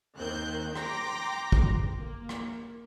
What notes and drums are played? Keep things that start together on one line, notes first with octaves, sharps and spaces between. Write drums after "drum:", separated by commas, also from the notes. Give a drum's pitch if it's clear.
D#2 D#3 C4 F#6 G6
G5 A#5 C6 D6 A#6, drum: rim click
drum: kick
A#3
drum: rim click